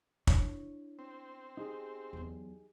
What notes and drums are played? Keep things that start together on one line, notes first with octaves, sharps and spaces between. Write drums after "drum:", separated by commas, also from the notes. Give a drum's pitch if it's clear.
D4 E4 C#5, drum: kick
C4
D#4 G4 G#4
E2 F#3